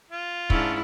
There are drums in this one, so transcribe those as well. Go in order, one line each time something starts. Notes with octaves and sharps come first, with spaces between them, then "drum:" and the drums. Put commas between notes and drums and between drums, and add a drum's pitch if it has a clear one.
F4
G#2 C#4 D4 E4, drum: kick